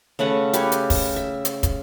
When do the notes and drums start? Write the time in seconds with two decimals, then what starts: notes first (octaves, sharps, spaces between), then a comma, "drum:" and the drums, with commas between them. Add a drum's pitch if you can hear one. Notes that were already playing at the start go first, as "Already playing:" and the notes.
0.19 C#3 A3 B4 F#5
0.53 G4 B4 C#5, drum: hi-hat
0.72 drum: hi-hat
0.90 drum: kick, open hi-hat
1.16 E5
1.45 drum: hi-hat
1.63 drum: kick, hi-hat